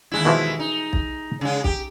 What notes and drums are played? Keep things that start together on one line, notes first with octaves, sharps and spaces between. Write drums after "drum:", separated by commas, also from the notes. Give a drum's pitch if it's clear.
D#2 G#3 E4
B2 E3 F3
D#4
drum: kick
C#3 G#3
G4, drum: kick